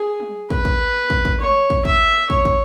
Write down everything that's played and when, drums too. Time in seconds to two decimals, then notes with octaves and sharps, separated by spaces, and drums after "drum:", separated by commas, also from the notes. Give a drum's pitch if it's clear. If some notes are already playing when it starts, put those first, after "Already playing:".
Already playing: G#4
0.20 drum: tom
0.50 B4, drum: kick
0.65 drum: kick
1.10 drum: kick
1.25 drum: kick
1.40 C#5, drum: tom
1.70 drum: kick
1.85 E5, drum: kick
2.30 C#5, drum: kick
2.45 drum: kick